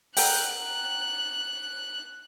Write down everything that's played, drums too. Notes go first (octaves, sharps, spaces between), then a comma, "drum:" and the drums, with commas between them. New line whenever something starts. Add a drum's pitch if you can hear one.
A#4 F#5 G5 F#6, drum: open hi-hat